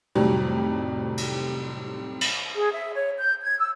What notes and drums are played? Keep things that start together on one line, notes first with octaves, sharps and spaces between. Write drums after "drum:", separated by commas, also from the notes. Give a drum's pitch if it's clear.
F2 A2 C3 D#3 F#3 G3
drum: cymbal
drum: cymbal
G#4
E5
C#5
G6
G#6
E6